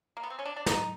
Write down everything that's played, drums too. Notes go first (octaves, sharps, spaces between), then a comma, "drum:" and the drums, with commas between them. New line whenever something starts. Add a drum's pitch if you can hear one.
A#3
B3
C4
C#4
D4
D4
D#4, drum: snare